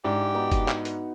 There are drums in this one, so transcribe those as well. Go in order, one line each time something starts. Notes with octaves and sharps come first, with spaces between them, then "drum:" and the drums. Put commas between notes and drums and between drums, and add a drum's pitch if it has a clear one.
G#2 D4 E4 G4
B3 D#4 F#4
drum: kick, hi-hat
drum: clap
drum: hi-hat